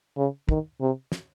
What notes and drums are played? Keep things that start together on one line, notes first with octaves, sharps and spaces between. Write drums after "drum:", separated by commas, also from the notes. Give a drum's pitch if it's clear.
C#3
D#3, drum: kick
C3
drum: snare